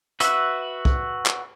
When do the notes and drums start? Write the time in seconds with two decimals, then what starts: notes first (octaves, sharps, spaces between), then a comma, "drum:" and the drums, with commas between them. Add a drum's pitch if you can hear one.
0.20 F#4 B4 E5, drum: hi-hat
0.85 drum: kick
1.26 drum: clap